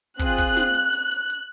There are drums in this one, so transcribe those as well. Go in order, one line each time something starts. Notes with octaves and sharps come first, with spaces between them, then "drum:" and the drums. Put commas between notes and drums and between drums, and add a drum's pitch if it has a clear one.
C4 F4 G#4 F#6, drum: kick, open hi-hat
drum: kick, hi-hat
drum: snare
drum: hi-hat
drum: hi-hat
drum: hi-hat
drum: hi-hat